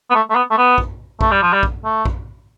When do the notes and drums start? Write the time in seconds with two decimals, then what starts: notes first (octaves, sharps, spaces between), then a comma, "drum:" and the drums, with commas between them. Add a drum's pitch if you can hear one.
0.10 B3
0.15 A3
0.30 A3
0.35 B3
0.51 A3
0.57 B3
0.78 drum: kick A#1
1.21 A3, drum: kick A#1
1.31 G3
1.42 F3
1.53 G3
1.63 drum: kick A#1
1.84 A3
2.05 drum: kick A#1